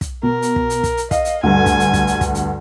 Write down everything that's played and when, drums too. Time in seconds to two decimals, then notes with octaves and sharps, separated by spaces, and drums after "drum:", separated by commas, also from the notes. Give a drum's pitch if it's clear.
0.01 drum: kick, hi-hat
0.23 B2 A#4
0.42 drum: hi-hat
0.56 drum: kick
0.70 drum: hi-hat
0.83 drum: kick, hi-hat
0.97 drum: hi-hat
1.11 D#5 F5, drum: kick, hi-hat
1.25 drum: hi-hat
1.43 D2 G2 G#5
1.66 drum: kick, hi-hat
1.80 drum: hi-hat
1.93 drum: kick, hi-hat
2.07 drum: hi-hat
2.21 drum: kick, hi-hat
2.35 drum: hi-hat